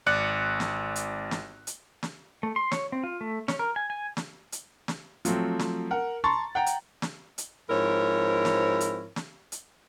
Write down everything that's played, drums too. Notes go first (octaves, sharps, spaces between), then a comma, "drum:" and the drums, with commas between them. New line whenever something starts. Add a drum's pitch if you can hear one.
G#1 D5 F#6 C#7
drum: snare
drum: hi-hat
drum: snare
drum: hi-hat
drum: snare
A3
C6
C#5, drum: snare
C4
F4
A3
C#4, drum: snare
A#4
G#5
G#5
drum: snare
drum: hi-hat
drum: snare
F3 F#3 A3 C4, drum: hi-hat
drum: snare
A#4 F#5
A5 A#5 C6 C#6 A6
F#5 G5 A#5
drum: hi-hat
drum: snare
drum: hi-hat
G#2 F3 C4 E4 A#4 C#5
drum: snare
drum: hi-hat
drum: snare
drum: hi-hat